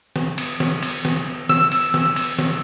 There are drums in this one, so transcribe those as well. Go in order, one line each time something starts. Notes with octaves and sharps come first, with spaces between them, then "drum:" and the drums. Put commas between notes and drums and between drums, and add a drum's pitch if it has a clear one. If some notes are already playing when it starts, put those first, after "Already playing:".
drum: snare
drum: cymbal
drum: snare
drum: cymbal
drum: snare
E6, drum: snare
drum: cymbal
drum: snare
drum: cymbal
drum: snare